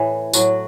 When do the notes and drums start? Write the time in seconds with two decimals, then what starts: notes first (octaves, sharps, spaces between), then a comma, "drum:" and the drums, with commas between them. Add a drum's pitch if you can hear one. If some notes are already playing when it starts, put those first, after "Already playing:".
Already playing: A2 E3
0.33 A2 F#3 F#4, drum: tambourine